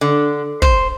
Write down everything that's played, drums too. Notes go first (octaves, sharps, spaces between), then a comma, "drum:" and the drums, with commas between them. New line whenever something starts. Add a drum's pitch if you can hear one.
D3
C5, drum: kick